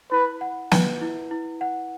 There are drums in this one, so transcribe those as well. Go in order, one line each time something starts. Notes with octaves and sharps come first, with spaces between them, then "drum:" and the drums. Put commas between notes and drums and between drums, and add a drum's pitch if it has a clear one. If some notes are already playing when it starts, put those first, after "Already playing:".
E4 B4
F#5
B4, drum: snare
E4
E4
F#5